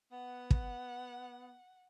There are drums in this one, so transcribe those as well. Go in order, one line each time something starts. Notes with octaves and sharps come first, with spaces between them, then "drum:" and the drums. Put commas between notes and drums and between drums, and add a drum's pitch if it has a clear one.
B3 F#5
drum: kick